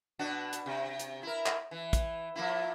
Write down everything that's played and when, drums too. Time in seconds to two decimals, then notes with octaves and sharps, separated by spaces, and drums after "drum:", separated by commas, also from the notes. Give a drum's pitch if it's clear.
0.19 B2 D4 F#4
0.53 drum: hi-hat
0.66 C3
1.00 drum: hi-hat
1.23 E4 A#4
1.46 drum: clap
1.71 E3
1.93 drum: kick, hi-hat
2.36 F3 A#3 E4